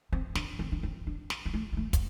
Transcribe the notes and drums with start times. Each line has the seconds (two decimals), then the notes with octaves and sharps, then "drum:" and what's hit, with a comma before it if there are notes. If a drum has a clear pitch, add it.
0.13 C4
0.35 D4, drum: snare
0.59 C4
0.72 D4
0.83 C4
1.07 D4
1.30 drum: snare
1.46 B3
1.54 A3
1.73 B3
1.77 A3
1.93 drum: kick, hi-hat